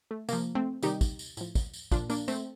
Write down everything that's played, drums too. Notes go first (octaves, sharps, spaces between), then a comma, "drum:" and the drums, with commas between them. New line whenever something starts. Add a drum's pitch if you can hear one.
A3
C3 F3 A#3, drum: tambourine
A3 C4
C3 D#3 G3 D#4 G4, drum: tambourine
drum: kick, tambourine
drum: tambourine
A2 F3, drum: tambourine
drum: kick, tambourine
drum: tambourine
A#2 F3 D4 F4, drum: kick, tambourine
A#3 D4, drum: tambourine
A3 C4, drum: tambourine